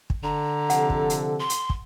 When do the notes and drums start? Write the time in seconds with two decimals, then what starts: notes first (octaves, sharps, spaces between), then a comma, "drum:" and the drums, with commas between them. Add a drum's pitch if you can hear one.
0.10 drum: kick
0.24 D3 A#5
0.70 C3 F3 A4 F#5, drum: hi-hat
0.90 drum: kick
1.10 drum: hi-hat
1.40 C6
1.50 drum: hi-hat
1.70 drum: kick